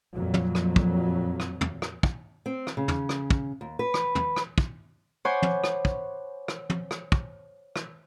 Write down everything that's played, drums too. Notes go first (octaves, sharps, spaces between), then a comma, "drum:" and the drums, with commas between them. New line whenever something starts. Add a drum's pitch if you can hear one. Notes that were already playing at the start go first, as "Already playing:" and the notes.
F2 A#2 F#3
drum: tom
drum: rim click
drum: kick
drum: rim click
drum: tom
drum: rim click
drum: kick
C4
drum: rim click
C#3
drum: tom
drum: rim click
drum: kick
D#2
B4
drum: rim click
drum: tom
drum: rim click
drum: kick
C5 C#5 F#5 G#5 B5 D6
drum: tom
drum: rim click
drum: kick
drum: rim click
drum: tom
drum: rim click
drum: kick
drum: rim click